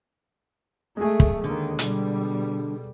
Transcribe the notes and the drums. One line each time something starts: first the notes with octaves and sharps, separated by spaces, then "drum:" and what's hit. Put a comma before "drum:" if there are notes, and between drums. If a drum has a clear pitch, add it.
G#3 A3 G#4
drum: kick
D#2 D3 D#3
B2 G3, drum: hi-hat